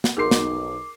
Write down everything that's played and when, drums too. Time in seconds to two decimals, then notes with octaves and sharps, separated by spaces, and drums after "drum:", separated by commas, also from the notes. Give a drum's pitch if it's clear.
0.04 drum: snare
0.17 B1 D#4 G#4 A#4 C6 D6 C7
0.31 drum: snare